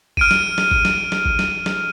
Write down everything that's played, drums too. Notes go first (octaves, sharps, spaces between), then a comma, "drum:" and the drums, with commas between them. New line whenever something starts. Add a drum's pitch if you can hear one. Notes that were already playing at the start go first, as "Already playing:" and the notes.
F6 D7 D#7, drum: kick
drum: snare
drum: snare
drum: kick
drum: snare
drum: snare
drum: kick
drum: snare
drum: snare